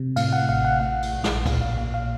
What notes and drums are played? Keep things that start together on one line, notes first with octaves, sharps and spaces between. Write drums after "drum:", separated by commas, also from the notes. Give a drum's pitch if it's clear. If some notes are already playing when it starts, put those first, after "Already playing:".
Already playing: C3
A2 F5, drum: cymbal
F#5
A1 F5
F#5
F5
A2 F#5
drum: cymbal
A#1
drum: snare
A#2 F5, drum: kick, cymbal
F5
A#2 F5
F5